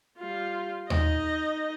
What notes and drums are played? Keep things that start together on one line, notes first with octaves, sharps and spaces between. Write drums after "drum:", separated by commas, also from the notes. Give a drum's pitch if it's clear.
G3 F4
D#4 D#5, drum: tom D#2